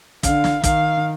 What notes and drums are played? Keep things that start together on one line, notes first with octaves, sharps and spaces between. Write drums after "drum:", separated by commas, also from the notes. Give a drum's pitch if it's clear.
D3 F5, drum: kick, hi-hat
drum: snare
D#3 F5, drum: kick, hi-hat